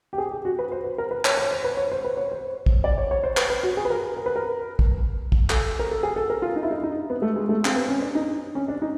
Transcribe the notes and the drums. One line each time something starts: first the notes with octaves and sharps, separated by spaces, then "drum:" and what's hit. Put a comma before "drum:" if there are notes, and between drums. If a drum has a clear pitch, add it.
G4
G#4
G4
F#4
B4
C5
B4
A#4
B4
C#5, drum: clap
C#5
C5
B4
C#5
C5
B4
C#5
C5
drum: kick
D5
C#5
C#5
C5
B4, drum: clap
B4
F#4
G#4
B4
A#4
A#4
B4
A#4
drum: kick
drum: kick
A4, drum: clap
A#4
A4
G#4
A4
A#4
F4
D#4
E4
D#4
D#4
B3
A3
G#3
A3
C4, drum: clap
B3
C#4
D4
D#4
C#4
D4
D#4